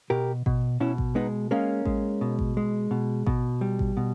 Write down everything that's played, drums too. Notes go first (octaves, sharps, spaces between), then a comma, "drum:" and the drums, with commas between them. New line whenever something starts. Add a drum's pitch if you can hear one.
B2 G4 A#4
B2, drum: kick A1
B2 C#4 E4
drum: kick A1
G#3 B3 D#4
G#3 A#3 C#4
G#3, drum: kick A1
B2
drum: kick A1
G#3
B2
B2, drum: kick A1
G3
drum: kick A1
B2